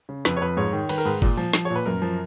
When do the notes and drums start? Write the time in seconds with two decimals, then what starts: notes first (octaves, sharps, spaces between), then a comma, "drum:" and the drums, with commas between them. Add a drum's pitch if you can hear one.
0.09 C#3
0.25 F2 B4, drum: snare
0.37 C#5
0.41 F2 B4
0.57 G#2 C#5
0.73 D#3
0.89 D#3 B4, drum: cymbal
0.98 A#4
1.05 G#2 B4
1.22 A#2, drum: kick G1
1.37 F3
1.53 F3, drum: snare
1.65 C#5
1.70 A#2
1.76 B4
1.86 F#2 A#4
2.02 F3